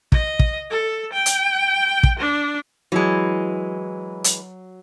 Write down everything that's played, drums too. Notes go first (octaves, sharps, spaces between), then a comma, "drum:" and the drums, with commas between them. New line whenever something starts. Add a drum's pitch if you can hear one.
D#5, drum: kick
drum: kick
A4
G5
drum: hi-hat
drum: kick
D4
E3 F#3 G#3
drum: hi-hat